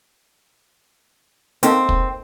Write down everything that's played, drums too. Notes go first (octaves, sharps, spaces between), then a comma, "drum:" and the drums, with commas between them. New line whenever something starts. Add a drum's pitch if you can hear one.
A#3 C4 D#4 A4, drum: hi-hat
drum: kick